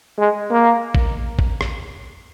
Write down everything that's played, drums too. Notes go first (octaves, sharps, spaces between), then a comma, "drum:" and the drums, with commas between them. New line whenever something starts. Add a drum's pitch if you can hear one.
G#3
A#3
drum: kick
drum: kick
drum: rim click